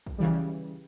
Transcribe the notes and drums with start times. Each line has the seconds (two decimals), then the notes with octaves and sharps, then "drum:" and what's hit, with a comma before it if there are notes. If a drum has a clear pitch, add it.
0.06 drum: kick
0.18 C#3 E3 G3